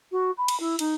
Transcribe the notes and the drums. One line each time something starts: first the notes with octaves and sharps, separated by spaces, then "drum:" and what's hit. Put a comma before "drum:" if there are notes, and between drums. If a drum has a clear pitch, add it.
F#4
B5
drum: cymbal
E4
D#4, drum: cymbal